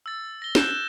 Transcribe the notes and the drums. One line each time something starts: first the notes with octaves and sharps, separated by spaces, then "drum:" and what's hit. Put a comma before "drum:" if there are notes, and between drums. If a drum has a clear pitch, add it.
E6 A6
A#6 G7
F#6 G6 E7, drum: snare